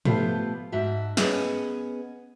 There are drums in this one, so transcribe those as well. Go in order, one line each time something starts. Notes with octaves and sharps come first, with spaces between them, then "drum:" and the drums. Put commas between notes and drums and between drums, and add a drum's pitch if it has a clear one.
F3 A3 B3 F4 G4 C5, drum: tom G#2
G#2 F#4 E5 A5
B3 C#4 G#4 C#5 D#5, drum: snare